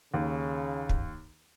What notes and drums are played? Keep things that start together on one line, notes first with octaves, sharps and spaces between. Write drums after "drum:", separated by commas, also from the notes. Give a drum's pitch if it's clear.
D#2 C#3
drum: kick